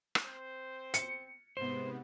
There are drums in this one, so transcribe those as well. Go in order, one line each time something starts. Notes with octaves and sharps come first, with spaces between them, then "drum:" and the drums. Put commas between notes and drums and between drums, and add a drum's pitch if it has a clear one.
drum: rim click
C4 C5
C#7, drum: hi-hat
G#2 C3 B3 C5